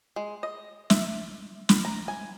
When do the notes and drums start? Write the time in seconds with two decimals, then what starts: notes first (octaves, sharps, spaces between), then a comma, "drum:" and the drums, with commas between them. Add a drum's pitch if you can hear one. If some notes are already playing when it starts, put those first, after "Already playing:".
0.16 G#3
0.43 D#5
0.90 E5, drum: snare
1.69 B5, drum: snare
1.85 A#5
2.08 G#5